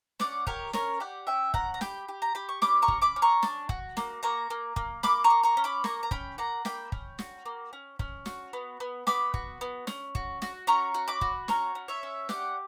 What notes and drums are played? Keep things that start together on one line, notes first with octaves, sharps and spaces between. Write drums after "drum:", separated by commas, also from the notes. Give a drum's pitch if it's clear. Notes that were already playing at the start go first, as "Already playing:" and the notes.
C#4 D5 F#5, drum: snare
G4 A#4 C#5, drum: kick
C#4 A#4 C#5, drum: snare
G4 D5 F#5
C#4 E5 G5
C#4 F#5 A#5, drum: kick
A#5
G4 G5 B5, drum: snare
G4
A#5
G4 B5
C#6
C#4 B5 D6, drum: snare
A#5 C#6
C#4, drum: kick
B5 D6
C#4
A#5 C#6
D4, drum: snare
F#4, drum: kick
A#3, drum: snare
A#3 A#5 C#6
A#3
A#3, drum: kick
A#3 B5 D6, drum: snare
A#5 C#6
A#3
A#5 C#6
C#4
B5 D6
A#3 A#5 C#6, drum: snare
A#5
C#4 G5 B5, drum: kick
A#3 F#5 A#5
A#3 G5 B5, drum: snare
C#4, drum: kick
F#4, drum: snare
A#3
C#4
C#4, drum: kick
F#4, drum: snare
B3
B3
B3 B5 D6, drum: snare
F#4, drum: kick
B3
C#4, drum: snare
F#4, drum: kick
F#4, drum: snare
C#4 A#5 C#6
F#4
B5 D6
F#4, drum: kick
C#4 A#5 C#6, drum: snare
C#4
C#5 E5
C#4
G4 D5 F#5, drum: snare